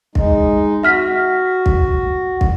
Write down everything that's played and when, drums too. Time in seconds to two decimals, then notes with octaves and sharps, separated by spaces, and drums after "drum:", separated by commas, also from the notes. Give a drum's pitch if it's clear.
0.15 G#3 D#4, drum: kick
0.83 F#4 E5 F6 B6
1.66 drum: kick
2.41 drum: kick